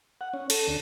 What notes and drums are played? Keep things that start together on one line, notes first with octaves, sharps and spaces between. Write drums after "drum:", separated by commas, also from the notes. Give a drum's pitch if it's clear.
F#5
C#4
A4, drum: cymbal
D2